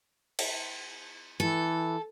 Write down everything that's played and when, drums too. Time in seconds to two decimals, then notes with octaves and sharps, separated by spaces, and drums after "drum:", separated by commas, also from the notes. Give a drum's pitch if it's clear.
0.39 drum: cymbal
1.40 E3 A4